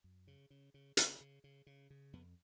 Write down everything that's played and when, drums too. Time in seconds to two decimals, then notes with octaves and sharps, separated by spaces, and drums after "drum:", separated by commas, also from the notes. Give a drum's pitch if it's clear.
0.04 F#2
0.27 C#3
0.50 C#3
0.74 C#3
0.97 C#3, drum: hi-hat
1.21 C#3
1.44 C#3
1.67 C#3
1.90 C#3
2.13 F2 B3